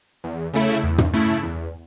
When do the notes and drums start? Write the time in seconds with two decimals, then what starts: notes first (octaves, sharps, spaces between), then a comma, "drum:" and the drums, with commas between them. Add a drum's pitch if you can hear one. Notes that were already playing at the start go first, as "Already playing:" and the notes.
0.24 E2
0.53 C#3 A3 E4
0.83 E2
0.98 drum: tom
1.13 C#3 A3 E4
1.43 E2